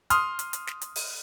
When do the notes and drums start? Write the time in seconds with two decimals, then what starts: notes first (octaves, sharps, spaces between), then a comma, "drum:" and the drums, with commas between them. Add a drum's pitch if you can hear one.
0.10 C6 D#6 F6, drum: hi-hat
0.39 drum: hi-hat
0.53 drum: hi-hat
0.67 drum: snare
0.81 drum: hi-hat
0.96 drum: open hi-hat